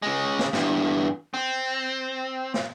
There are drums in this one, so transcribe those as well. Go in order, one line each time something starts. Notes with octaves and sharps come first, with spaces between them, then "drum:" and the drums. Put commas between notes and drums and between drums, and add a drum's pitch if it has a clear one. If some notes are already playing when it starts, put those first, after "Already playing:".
C#3 G#3
drum: snare
E2 G2, drum: snare
C4
drum: snare